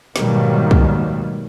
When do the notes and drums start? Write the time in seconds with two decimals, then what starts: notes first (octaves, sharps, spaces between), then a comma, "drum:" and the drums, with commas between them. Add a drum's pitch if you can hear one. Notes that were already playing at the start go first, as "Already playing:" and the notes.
0.16 G#2 B2 D#3 F#3 G3 A#3, drum: snare
0.71 drum: kick